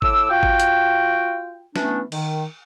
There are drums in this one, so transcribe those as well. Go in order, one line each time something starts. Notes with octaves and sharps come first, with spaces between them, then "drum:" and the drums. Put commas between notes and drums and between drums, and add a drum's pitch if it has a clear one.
A2 D6 E6, drum: kick G#1
F4 F#4 G5
drum: kick G#1
drum: hi-hat
E3 A3 B3 C#4 D4, drum: snare
D#3, drum: cymbal